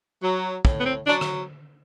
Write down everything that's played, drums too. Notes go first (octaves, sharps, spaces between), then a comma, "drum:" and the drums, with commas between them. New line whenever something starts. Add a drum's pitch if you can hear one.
F#3
A2, drum: kick
B3
C4
F#3 D4
drum: rim click